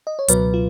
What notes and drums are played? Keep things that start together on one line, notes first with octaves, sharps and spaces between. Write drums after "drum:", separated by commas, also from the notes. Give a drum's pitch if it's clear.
D#5
C#5
C#2 B2 F#3 B4, drum: hi-hat
F4